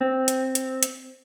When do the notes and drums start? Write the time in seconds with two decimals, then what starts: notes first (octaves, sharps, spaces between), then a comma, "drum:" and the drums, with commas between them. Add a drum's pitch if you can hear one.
0.01 C4
0.28 drum: hi-hat
0.55 drum: hi-hat
0.83 drum: hi-hat